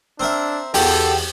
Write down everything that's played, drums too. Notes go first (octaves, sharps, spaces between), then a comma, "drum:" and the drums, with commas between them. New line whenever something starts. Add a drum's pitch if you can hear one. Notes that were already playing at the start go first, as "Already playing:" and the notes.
C4 D4 A#4 E5
E2 F#4 G4 A4, drum: open hi-hat